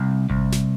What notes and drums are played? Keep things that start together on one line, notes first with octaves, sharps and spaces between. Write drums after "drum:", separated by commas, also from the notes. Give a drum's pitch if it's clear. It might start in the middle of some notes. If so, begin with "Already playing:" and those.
Already playing: C2
C2, drum: kick G#1
drum: snare